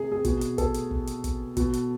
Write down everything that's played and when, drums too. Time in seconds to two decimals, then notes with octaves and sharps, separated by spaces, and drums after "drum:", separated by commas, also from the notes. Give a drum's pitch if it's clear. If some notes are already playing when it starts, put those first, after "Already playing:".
Already playing: C3 G#4
0.12 G#4
0.25 B2, drum: kick, hi-hat
0.41 drum: hi-hat
0.58 A4, drum: kick, hi-hat
0.74 drum: hi-hat
0.91 drum: kick
1.07 drum: hi-hat
1.24 drum: kick, hi-hat
1.57 B2, drum: kick, hi-hat
1.73 drum: hi-hat